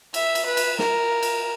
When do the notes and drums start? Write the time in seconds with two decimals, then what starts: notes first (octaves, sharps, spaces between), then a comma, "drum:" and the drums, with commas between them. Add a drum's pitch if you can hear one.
0.14 E5, drum: cymbal
0.35 drum: cymbal
0.46 B4
0.57 drum: cymbal
0.79 A#4, drum: snare
1.23 drum: cymbal